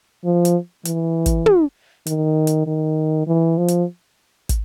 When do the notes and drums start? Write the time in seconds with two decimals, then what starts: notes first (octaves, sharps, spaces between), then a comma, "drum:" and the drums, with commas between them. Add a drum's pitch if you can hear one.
0.25 F3
0.45 drum: hi-hat
0.85 E3, drum: hi-hat
1.26 drum: kick, hi-hat
1.46 drum: tom
2.07 D#3, drum: hi-hat
2.47 drum: hi-hat
2.67 D#3
3.28 E3
3.58 F3
3.68 drum: hi-hat
4.49 drum: kick, hi-hat